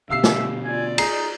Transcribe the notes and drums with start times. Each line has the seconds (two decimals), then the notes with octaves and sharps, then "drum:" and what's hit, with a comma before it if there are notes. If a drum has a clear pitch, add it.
0.10 B2 D3 G4 E5 F5 E6 C7
0.24 drum: snare
0.65 F4 D5 G#5
0.98 D#4 G#4 A#5 C7, drum: cymbal